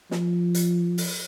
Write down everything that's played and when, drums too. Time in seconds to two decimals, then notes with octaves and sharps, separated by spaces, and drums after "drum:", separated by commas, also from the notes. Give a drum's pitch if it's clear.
0.11 F3, drum: snare
0.55 drum: hi-hat
0.98 drum: open hi-hat